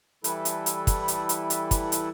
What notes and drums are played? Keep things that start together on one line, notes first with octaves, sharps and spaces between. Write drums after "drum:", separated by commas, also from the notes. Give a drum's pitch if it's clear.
E3 G3 E4 A4 B4, drum: hi-hat
drum: hi-hat
drum: hi-hat
drum: kick, hi-hat
drum: hi-hat
drum: hi-hat
drum: hi-hat
drum: kick, hi-hat
drum: hi-hat